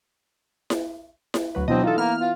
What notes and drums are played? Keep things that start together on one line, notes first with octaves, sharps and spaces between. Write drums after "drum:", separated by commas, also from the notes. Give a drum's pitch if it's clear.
drum: snare E4
drum: snare E4
D2 F#3 B4
B2 E3 F#3 C4 D4 D#5
E3 D#4 F4 A4
A#3 B3 F6
F4